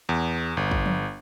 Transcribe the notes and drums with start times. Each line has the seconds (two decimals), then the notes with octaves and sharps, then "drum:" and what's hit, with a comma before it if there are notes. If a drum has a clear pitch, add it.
0.09 E2
0.57 G1
0.71 drum: kick
0.86 drum: tom F3